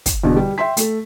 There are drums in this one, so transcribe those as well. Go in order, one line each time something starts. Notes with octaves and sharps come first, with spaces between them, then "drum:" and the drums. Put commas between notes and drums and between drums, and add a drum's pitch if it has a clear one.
drum: kick, hi-hat
E2 B2 D3
G3
E5 G5 C6 B6
A3 A4, drum: hi-hat